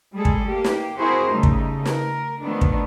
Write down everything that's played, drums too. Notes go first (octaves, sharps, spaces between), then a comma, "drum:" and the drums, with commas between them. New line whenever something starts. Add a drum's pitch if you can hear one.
G3 G#3 G#4 A4
drum: kick
A#3 G4
drum: snare
C4 E4 F#4 G#4 A#4 C5
C#3 G3 A3 D#4
drum: kick
A#4, drum: snare
D#3 F3 A3 B3 D4
drum: kick